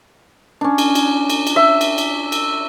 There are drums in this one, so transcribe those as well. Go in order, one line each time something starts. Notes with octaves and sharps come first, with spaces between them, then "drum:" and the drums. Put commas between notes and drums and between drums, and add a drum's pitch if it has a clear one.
C#4 D4
drum: cymbal
drum: cymbal
drum: cymbal
drum: cymbal
E5
drum: cymbal
drum: cymbal
drum: cymbal